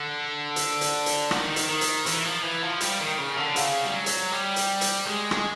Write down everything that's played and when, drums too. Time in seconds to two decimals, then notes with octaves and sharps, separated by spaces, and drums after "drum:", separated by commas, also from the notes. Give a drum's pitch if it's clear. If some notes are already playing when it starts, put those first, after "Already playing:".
Already playing: D3
0.56 drum: hi-hat
0.81 drum: hi-hat
1.06 drum: hi-hat
1.31 D#3, drum: rim click
1.56 drum: hi-hat
1.69 D#3
1.81 drum: hi-hat
2.06 E3, drum: hi-hat
2.25 F3
2.43 E3
2.62 F3
2.80 G3, drum: hi-hat
3.00 D#3
3.19 C#3
3.37 D3
3.56 C#3, drum: hi-hat
3.85 G3
3.94 F#3
4.06 drum: hi-hat
4.32 G3
4.56 drum: hi-hat
4.81 drum: hi-hat
5.06 G#3
5.31 drum: rim click